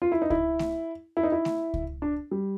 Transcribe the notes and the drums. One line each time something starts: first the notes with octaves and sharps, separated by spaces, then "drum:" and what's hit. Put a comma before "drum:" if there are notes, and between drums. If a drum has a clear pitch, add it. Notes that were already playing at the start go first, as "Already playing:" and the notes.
F4
E4
D#4
E4, drum: kick C#2
drum: snare A3
E4
D#4
E4
drum: snare A3
drum: kick C#2
D4
G3